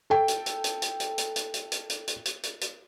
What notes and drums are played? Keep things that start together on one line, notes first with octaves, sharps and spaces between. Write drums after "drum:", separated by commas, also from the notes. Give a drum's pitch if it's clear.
A4 G5
drum: hi-hat
drum: hi-hat
drum: hi-hat
drum: hi-hat
drum: hi-hat
drum: hi-hat
drum: hi-hat
drum: hi-hat
drum: hi-hat
drum: hi-hat
drum: hi-hat
drum: hi-hat
drum: hi-hat
drum: hi-hat